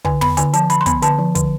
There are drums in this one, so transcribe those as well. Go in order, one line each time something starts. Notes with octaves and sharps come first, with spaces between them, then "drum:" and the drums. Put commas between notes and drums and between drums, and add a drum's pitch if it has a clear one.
D3 G#5, drum: kick
B3 B5, drum: tom
D3 G#5, drum: hi-hat
F3 A5, drum: hi-hat
D3 B5, drum: hi-hat
C6
B3 B5, drum: kick, hi-hat
D3 A5, drum: hi-hat
F3
D3, drum: kick, hi-hat